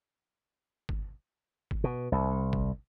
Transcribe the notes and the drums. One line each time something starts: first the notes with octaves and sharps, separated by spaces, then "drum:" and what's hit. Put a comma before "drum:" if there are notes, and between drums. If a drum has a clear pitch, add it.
drum: kick
drum: kick
B2
C2
drum: kick